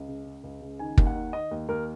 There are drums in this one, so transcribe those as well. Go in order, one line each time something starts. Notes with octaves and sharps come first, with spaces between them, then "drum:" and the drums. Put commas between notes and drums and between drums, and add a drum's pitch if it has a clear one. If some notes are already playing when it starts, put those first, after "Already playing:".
Already playing: C#2
C#3
C#3
C#2
C#3
D#3 G#5
D#2, drum: kick
F#5
D#3
D#3 D#5
D#2
D#2 A#4